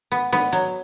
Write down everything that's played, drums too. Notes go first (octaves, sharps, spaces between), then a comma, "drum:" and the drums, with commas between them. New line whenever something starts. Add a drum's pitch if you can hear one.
B3
B3, drum: snare D4
F#3